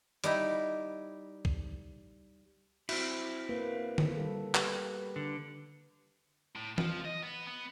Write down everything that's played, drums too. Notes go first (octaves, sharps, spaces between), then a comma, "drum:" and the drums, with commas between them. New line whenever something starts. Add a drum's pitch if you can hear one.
G3 D#4 E4, drum: hi-hat
drum: kick
C4 E4 F#4, drum: cymbal
A#3 B4
drum: tom D3
G3 A4
G4 B4, drum: clap
D3
A2
F3, drum: tom E3
D#5
B3
B3